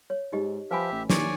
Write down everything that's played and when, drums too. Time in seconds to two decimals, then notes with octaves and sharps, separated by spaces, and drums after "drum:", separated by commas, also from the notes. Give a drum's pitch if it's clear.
0.10 C#5
0.32 G#2 D#4 G4 D#5
0.71 F3 G4 B4 E5 G#5 B5
0.92 A1
1.10 D#2 E4 C#5 D5 G#5, drum: snare